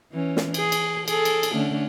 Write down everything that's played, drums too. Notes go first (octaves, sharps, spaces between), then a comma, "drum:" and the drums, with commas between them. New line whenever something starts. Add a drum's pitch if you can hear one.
E3 C#4
drum: snare
G#4, drum: cymbal
drum: cymbal
G#4 A4, drum: cymbal
drum: cymbal
drum: cymbal
D3 A3 C#4